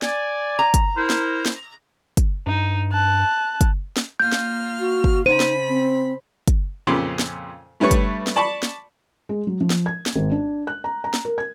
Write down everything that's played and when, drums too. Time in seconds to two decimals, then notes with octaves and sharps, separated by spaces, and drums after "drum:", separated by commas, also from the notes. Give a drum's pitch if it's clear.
0.02 D5 G#5, drum: snare
0.59 A#5
0.74 drum: kick, hi-hat
0.97 E4 A#4 C5
1.10 drum: snare
1.46 drum: snare
2.17 drum: kick, hi-hat
2.47 G2 D#4
2.92 A5 F#6
3.61 drum: kick, hi-hat
3.97 drum: snare
4.20 A#3 F4 F6 G6
4.32 drum: snare
4.80 F#4
5.04 drum: kick
5.26 C#3 D#4 C5 B5 D#7
5.40 drum: snare
5.69 C4
6.48 drum: kick, hi-hat
6.87 F2 A#2 C#3 B5 C6 D6
7.19 drum: snare
7.80 G2 G3 A3 B4 C#5 C#6
7.91 drum: kick, hi-hat
8.27 drum: snare
8.36 D5 A5 B5 C#6
8.63 drum: snare
9.29 G#3
9.47 F#3
9.61 F3
9.70 drum: snare
9.86 G#6
10.06 drum: snare
10.16 G#1
10.31 D4
10.67 F#6
10.84 A#5
11.04 A#5
11.14 drum: snare
11.25 A#4
11.38 G#6